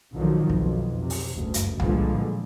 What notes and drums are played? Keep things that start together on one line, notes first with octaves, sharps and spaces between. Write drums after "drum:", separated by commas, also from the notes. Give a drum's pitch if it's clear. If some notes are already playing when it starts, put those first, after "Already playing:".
B1 D3 D#3 F3 F#3
B1 F2, drum: kick
C3
drum: open hi-hat
F#1 D2 G2
drum: hi-hat
A#2 D3 E3 F3 G3 G#3, drum: tom C2